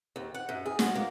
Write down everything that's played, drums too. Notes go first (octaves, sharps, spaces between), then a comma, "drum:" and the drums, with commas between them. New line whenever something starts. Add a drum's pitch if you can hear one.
D#2
F#5
F#2
G#4
F#4, drum: snare
A#3